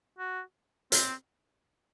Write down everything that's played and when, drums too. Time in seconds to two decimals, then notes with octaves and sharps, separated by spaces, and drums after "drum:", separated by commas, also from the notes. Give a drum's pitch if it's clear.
0.19 F#4
0.92 C4, drum: hi-hat